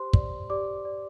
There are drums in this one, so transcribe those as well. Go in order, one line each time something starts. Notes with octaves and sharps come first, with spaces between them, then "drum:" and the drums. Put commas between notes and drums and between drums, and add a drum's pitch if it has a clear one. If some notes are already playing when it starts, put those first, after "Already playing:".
Already playing: G4 C5 C6
D5, drum: kick
G4 D5 D6
D5